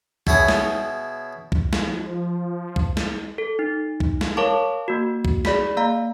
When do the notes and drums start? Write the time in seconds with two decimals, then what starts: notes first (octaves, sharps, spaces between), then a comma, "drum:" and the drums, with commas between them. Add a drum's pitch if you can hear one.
0.27 B2 E4 G#4 C#5 D#6, drum: kick B1
0.48 drum: snare
1.52 drum: kick B1
1.73 drum: snare
1.87 F3
2.76 drum: kick B1
2.97 drum: snare
3.38 A4
3.59 D#4
4.00 drum: kick B1
4.21 drum: snare
4.37 A#4 C#5 F5 A5 C#6 D6
4.88 A#3 F#4
5.25 drum: kick B1
5.45 G#4 D5 B5 B6, drum: snare
5.77 A#3 F5 A#5